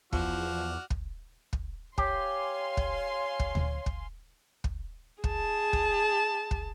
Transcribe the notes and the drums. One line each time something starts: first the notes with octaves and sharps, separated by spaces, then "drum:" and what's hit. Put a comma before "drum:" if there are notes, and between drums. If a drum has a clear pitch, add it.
E2 F3 F#4 D5 F6, drum: kick
drum: kick
drum: kick
G4 C#5 F5 G#5 C6, drum: kick
drum: kick
drum: kick
drum: tom D2
drum: kick
drum: kick
G#4 A5, drum: kick
drum: kick
drum: kick